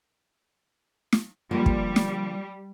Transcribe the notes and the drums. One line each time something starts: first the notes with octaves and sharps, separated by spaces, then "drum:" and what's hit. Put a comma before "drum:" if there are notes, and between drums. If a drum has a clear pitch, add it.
drum: snare
D3 F3 G3 A#3
drum: kick
drum: snare